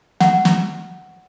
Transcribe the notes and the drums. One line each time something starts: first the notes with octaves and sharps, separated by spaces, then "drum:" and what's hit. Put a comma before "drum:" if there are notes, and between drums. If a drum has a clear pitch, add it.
F#5, drum: snare
drum: snare